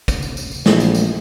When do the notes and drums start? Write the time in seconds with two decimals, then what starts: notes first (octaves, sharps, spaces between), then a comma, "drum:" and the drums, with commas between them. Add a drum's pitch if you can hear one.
0.08 drum: kick, tambourine
0.23 drum: tambourine
0.37 drum: tambourine
0.51 drum: tambourine
0.66 A#1 E3 G#3 A3, drum: snare
0.80 drum: tambourine
0.95 drum: tambourine